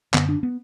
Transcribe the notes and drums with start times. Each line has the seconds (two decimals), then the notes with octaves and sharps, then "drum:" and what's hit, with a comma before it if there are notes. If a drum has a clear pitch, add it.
0.14 F#2 D3 B3, drum: clap
0.29 D4
0.43 B3